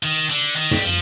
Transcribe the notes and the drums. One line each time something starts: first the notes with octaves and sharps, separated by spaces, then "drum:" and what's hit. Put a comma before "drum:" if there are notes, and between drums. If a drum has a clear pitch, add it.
D#3
D3
D#3
G3, drum: tom
F3